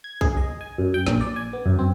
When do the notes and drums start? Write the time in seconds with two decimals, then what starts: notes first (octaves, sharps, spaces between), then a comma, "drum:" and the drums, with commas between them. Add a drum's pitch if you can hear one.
0.04 G#6
0.21 G#4, drum: kick B1
0.37 D#5
0.61 G#5
0.78 F#2
0.94 G5
1.06 A#1, drum: snare
1.21 D5
1.36 G#5
1.53 B3
1.66 F#2
1.79 C4